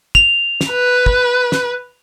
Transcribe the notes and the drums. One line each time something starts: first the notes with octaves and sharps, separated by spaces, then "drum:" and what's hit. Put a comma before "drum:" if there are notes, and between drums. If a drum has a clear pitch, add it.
F7, drum: kick
drum: snare
B4
drum: kick
drum: snare